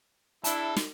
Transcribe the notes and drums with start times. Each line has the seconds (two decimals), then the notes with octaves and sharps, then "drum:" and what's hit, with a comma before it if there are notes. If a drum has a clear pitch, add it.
0.44 D4 E4 G#4 A5, drum: hi-hat
0.77 drum: snare